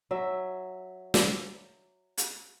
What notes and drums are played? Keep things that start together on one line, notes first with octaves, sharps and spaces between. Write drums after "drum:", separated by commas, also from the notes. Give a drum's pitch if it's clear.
F#3 E5
drum: snare
drum: hi-hat